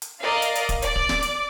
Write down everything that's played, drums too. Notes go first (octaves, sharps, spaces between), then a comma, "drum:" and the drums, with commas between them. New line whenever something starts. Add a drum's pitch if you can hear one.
drum: hi-hat
A#4 D5 D#5 F5
drum: hi-hat
drum: hi-hat
drum: kick, hi-hat
D5 D6, drum: hi-hat
drum: kick
drum: snare
drum: hi-hat